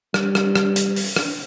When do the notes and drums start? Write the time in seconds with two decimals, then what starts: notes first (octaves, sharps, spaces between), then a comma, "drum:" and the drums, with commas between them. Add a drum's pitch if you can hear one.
0.14 G3, drum: rim click
0.35 drum: rim click
0.55 drum: rim click
0.76 drum: hi-hat
0.96 drum: open hi-hat
1.16 drum: rim click